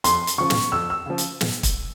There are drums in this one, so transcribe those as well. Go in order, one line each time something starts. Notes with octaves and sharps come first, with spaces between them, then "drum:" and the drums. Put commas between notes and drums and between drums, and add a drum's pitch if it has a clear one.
F2 C6, drum: hi-hat
drum: hi-hat
C#3 F3 C#6
drum: snare
F2 E6
E6
C#3 F3
drum: hi-hat
drum: snare
drum: kick, hi-hat